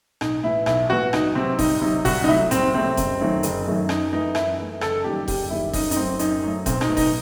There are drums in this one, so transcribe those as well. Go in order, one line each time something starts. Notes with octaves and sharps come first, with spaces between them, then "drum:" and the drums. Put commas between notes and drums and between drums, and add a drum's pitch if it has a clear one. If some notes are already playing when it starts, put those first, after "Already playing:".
B1 D#4, drum: rim click
A2 E3 B3 E4
B1 E4, drum: rim click
A2 E3 B3 F#4
C2 D#4, drum: rim click
C3 F#3 C4
C2 D#4, drum: kick E1, open hi-hat
C3 F#3 D#4
C2 F#4, drum: kick E1, open hi-hat
D#4
C3 F#3 A3 E4
C2 C4, drum: hi-hat
C3 F#3 A3 C4
F#1, drum: kick E1, hi-hat
F#2 D#3 F#3 A3
F#1, drum: hi-hat
F#2 D#3 F#3 A3
F#2 D#4, drum: rim click
E3 A3 D#4
F#2 E4, drum: rim click
E3 A3
F#1 A4, drum: rim click
F#2 D#3 G3 G4
F#1 G4, drum: kick E1, open hi-hat
F#2 D#3 G3 E4
F#2 D#4, drum: kick E1, open hi-hat
D#4, drum: hi-hat
F#3 A3 C4
F#2 D#4, drum: hi-hat
F#3 A3
B1 C4, drum: kick E1, hi-hat
D#4, drum: rim click
B2 A3
D#4, drum: kick E1, open hi-hat